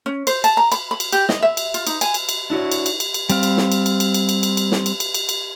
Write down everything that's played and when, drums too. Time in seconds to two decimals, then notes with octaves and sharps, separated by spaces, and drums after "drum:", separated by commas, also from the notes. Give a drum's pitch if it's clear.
0.06 C#4
0.27 C5, drum: cymbal
0.44 A5, drum: cymbal
0.57 A#5
0.72 B5, drum: cymbal
0.91 B5
1.00 drum: cymbal
1.12 G4, drum: cymbal
1.29 D#5, drum: snare
1.42 E5
1.57 drum: cymbal
1.74 F4, drum: cymbal
1.87 D#4, drum: cymbal
2.01 G#5, drum: cymbal
2.14 drum: cymbal
2.29 drum: cymbal
2.50 D4 E4 F#4 C#5
2.72 drum: cymbal
2.86 drum: cymbal
3.00 drum: cymbal
3.14 drum: cymbal
3.30 G3 C4 F5, drum: cymbal
3.43 drum: cymbal
3.57 drum: snare
3.72 drum: cymbal
3.86 drum: cymbal
4.00 drum: cymbal
4.14 drum: cymbal
4.29 drum: cymbal
4.43 drum: cymbal
4.57 drum: cymbal
4.72 drum: snare
4.86 drum: cymbal
5.00 drum: cymbal
5.14 drum: cymbal
5.29 drum: cymbal